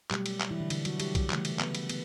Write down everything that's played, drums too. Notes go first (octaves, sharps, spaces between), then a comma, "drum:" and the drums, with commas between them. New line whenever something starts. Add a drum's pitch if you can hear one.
B2 F#3 G3 A3 G4, drum: clap
drum: cymbal
drum: clap
E3 E4
D3 D4
D3 D4, drum: cymbal
F#3 F#4, drum: cymbal
G3 G4, drum: cymbal
drum: kick B1, cymbal
C#3 E3 A3, drum: clap
drum: cymbal
B3 B4, drum: clap
drum: cymbal
B3, drum: cymbal